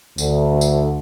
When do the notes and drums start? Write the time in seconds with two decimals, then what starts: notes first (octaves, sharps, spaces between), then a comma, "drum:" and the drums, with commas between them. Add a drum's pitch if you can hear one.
0.18 D2, drum: tambourine
0.61 drum: tambourine